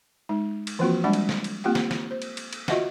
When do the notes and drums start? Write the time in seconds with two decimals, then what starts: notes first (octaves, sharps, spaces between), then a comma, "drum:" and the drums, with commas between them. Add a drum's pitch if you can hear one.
0.29 G#3 D#4
0.67 drum: cymbal
0.79 E3 F3 A#3 C4 F4 F#4
1.04 G3 G#3 D4 F#5 B5
1.13 drum: cymbal
1.29 drum: snare
1.44 drum: cymbal
1.64 A#3 C4 F4 G4 F#5 G5
1.75 drum: snare
1.91 drum: snare
2.11 C5
2.22 drum: cymbal
2.37 drum: cymbal
2.53 drum: cymbal
2.68 F4 F#4 D#5 E5 F#5, drum: snare